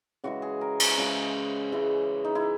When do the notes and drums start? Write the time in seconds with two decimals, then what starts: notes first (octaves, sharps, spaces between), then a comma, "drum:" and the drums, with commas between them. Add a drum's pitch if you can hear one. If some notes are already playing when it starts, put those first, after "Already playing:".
0.24 C#3 E3 G#3 F#4
0.42 G#4
0.61 A#4
0.80 G#4, drum: cymbal
0.98 C#3 E3 G#3
1.72 C#3 E3 G#3
2.25 D#4
2.35 E4